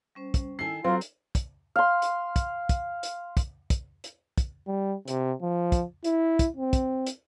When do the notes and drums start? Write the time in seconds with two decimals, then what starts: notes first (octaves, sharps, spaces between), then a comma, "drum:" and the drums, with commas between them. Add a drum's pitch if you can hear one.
0.15 G3 C#4 C5
0.34 drum: kick, hi-hat
0.59 D#3 E4 A4 G#5 C7
0.84 F#3 C4 F4 F#4 A4 A#5
1.01 drum: hi-hat
1.35 drum: kick, hi-hat
1.76 F5 C6
2.02 drum: hi-hat
2.36 drum: kick, hi-hat
2.69 drum: kick, hi-hat
3.03 drum: hi-hat
3.37 drum: kick, hi-hat
3.70 drum: kick, hi-hat
4.04 drum: hi-hat
4.38 drum: kick, hi-hat
4.67 G3
5.08 C3, drum: hi-hat
5.42 F3
5.72 drum: kick, hi-hat
6.04 E4, drum: hi-hat
6.39 drum: kick, hi-hat
6.57 C4
6.73 drum: kick, hi-hat
7.07 drum: hi-hat